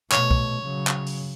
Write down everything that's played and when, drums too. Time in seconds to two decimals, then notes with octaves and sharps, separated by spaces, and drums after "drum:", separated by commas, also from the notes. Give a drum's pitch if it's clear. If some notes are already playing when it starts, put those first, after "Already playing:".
0.12 B2 A3 C#5, drum: clap
0.31 drum: kick
0.63 C#3 F#3
0.87 drum: clap
1.06 drum: open hi-hat